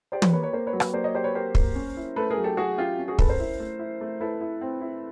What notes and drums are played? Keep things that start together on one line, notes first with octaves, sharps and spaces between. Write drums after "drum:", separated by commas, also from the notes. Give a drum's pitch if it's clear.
G4 C5 D5
B4 C#5, drum: tom
A#3 B4 C#5
B4 C#5
A#3 A#4 C5
B4 C#5
F#3
B4 C#5, drum: rim click
A#3 C5 D5
C#5 D#5
G4 C5 D5
B4 C#5
G4 A#4 C5
A#3, drum: kick
C#4
E4
A3 A4 B4
G#4 A#4
F#3
G4 A4
F#3 F#4 G#4
C#4 F4 G4
C#4
F#4 G#4
C#4 A4 B4, drum: kick
A#4 C5
E4
A3
E4
A3
E4 A4 B4
E4
C4
E4